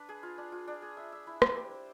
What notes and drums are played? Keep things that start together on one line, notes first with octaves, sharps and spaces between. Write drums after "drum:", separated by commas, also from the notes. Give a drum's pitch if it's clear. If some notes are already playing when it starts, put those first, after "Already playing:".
Already playing: D4 B4
G#4
F4
D4
F4
D4
G#4
E5
E5
E4
C5, drum: rim click
G4
C5